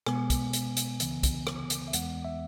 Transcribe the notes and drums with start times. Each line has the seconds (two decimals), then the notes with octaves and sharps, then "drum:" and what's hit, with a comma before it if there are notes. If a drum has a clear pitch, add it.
0.06 B2 G#3 B3 G#5, drum: rim click
0.30 drum: kick, hi-hat
0.53 drum: hi-hat
0.77 drum: hi-hat
1.00 C#2 C#3 E3 B3, drum: hi-hat
1.23 drum: kick, hi-hat
1.47 drum: rim click
1.70 drum: hi-hat
1.88 E5
1.93 E2 E3 G#3 B3 F#5, drum: hi-hat
2.25 E5